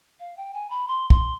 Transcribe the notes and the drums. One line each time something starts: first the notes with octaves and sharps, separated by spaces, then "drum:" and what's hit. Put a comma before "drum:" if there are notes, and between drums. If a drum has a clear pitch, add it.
F5
G5
G#5
B5
C6
C6, drum: kick